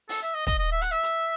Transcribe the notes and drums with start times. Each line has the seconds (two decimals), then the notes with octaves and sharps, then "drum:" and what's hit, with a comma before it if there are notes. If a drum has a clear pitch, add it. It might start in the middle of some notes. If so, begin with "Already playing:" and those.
0.09 A4, drum: open hi-hat
0.22 E5
0.35 D#5
0.47 D#5, drum: kick, hi-hat
0.59 D#5
0.72 E5
0.82 F#5, drum: hi-hat
0.92 E5
1.03 drum: hi-hat